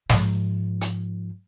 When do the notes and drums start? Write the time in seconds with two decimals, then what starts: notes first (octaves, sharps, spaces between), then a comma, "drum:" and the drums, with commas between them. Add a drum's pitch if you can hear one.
0.09 G#2 F3, drum: snare
0.81 drum: hi-hat